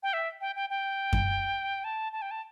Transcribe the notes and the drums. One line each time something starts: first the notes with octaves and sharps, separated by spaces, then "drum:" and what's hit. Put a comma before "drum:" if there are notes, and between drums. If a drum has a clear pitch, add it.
G5
E5
G5
G5
G5
drum: kick F#2
A5
A5
G5
A5